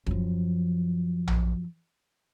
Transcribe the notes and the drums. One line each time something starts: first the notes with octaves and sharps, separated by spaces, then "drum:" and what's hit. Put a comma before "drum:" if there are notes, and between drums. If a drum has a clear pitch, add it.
F#2 F3, drum: kick
drum: tom A#1